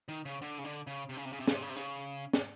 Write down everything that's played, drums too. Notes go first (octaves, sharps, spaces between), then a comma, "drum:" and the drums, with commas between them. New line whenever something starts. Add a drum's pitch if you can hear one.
D#3
C#3
D3
C#3
D3
C#3
C3
C#3
C3
C#3
C3
C#3, drum: snare
C3
C#3
C3
C#3, drum: hi-hat
drum: snare